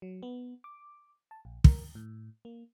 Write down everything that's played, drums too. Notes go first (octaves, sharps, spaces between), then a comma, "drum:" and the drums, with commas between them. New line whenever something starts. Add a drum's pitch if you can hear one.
F#3
B3
D6
A5
A#1
A#4, drum: kick
A2
A#3